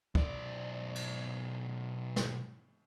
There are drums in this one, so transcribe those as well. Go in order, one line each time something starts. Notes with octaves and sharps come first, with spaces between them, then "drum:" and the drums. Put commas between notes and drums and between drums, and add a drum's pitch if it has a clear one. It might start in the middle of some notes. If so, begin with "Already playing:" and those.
B1 D5, drum: kick
drum: cymbal
drum: snare